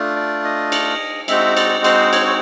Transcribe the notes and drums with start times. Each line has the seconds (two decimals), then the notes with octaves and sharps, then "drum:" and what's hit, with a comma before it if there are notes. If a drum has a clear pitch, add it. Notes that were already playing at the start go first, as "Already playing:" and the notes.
Already playing: A3 D4 F4
0.16 D5
0.44 D#5
0.72 drum: cymbal
1.28 G#3 C4 D#4 F#4 E5, drum: cymbal
1.57 D5, drum: cymbal
1.84 C5, drum: cymbal
2.13 C#5, drum: cymbal
2.27 C#5